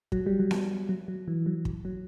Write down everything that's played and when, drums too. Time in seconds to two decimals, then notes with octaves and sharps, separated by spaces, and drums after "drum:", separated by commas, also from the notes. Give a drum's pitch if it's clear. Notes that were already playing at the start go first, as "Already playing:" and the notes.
0.12 F#3, drum: kick
0.26 G3
0.40 F#3
0.51 drum: snare B3
0.89 F#3
1.08 F#3
1.28 E3
1.46 F#3
1.65 drum: kick
1.85 F#3